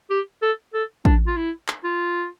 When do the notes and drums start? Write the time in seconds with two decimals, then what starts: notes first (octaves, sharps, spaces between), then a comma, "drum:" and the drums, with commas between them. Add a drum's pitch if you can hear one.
0.10 G4
0.42 A4
0.74 A4
1.05 D4, drum: kick
1.27 F4
1.37 E4
1.68 drum: clap
1.84 F4